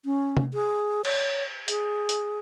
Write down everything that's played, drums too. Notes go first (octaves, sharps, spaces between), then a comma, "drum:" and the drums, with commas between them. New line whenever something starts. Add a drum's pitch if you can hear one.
C#4
drum: tom C3
G#4
C#5, drum: cymbal
G#4, drum: hi-hat
drum: hi-hat